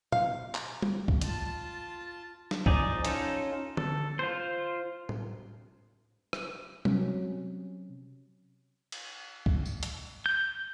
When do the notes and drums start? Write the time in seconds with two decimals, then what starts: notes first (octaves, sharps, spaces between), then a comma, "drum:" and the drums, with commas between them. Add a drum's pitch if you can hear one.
0.12 F5, drum: tom A#2
0.55 drum: clap
0.82 drum: tom
1.08 drum: kick C#2
1.21 F4 A5, drum: hi-hat
2.51 drum: snare
2.66 F3 D#4 G#4 D5 D6, drum: kick C#2
3.05 C#4 D#4 F4 A4, drum: hi-hat
3.77 A4, drum: tom
4.19 F4 C5
5.09 drum: tom A2
6.33 drum: rim click
6.85 C3 F#3 C#4, drum: tom
8.92 drum: cymbal
9.46 drum: kick C#2
9.65 drum: tambourine
9.83 drum: hi-hat
10.26 G6